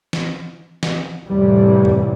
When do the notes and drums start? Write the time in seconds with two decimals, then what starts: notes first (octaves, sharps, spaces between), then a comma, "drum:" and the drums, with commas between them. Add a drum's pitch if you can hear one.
0.13 drum: snare
0.83 drum: snare
1.27 F2 A2 C3 E3 G3
1.85 drum: tom F2